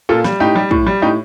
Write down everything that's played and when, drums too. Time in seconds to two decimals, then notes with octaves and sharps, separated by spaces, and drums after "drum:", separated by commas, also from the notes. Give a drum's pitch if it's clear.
0.09 A#2 F4 A4
0.24 G3, drum: snare
0.40 A2 D#4 G4
0.56 G3
0.71 A2, drum: kick
0.87 G3
1.02 A2 D#4 G4